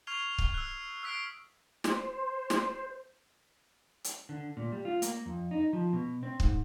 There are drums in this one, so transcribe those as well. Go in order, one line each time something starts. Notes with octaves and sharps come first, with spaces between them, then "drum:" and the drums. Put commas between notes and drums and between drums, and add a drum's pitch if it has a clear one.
C#6 F6 G#6 C7 F7 G7
drum: kick
E6 F#6
D#6 E6 F#6 B6 C7 D7
C5, drum: snare
drum: snare
drum: hi-hat
D3
A#2
G3
F4
A#3, drum: hi-hat
F2
D#4
F3
B2
C4
G#2, drum: kick